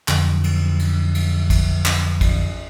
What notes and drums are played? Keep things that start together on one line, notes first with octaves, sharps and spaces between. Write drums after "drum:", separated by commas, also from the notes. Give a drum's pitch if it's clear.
F2 D3 F#3, drum: clap
drum: cymbal
drum: cymbal
drum: cymbal
drum: kick, cymbal
drum: clap
drum: kick, cymbal